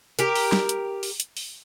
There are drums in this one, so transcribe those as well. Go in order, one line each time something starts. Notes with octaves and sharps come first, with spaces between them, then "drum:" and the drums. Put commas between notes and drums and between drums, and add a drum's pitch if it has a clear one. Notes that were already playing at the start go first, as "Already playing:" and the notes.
G4 A#4, drum: hi-hat
drum: open hi-hat
drum: snare
drum: hi-hat
drum: open hi-hat
drum: hi-hat
drum: open hi-hat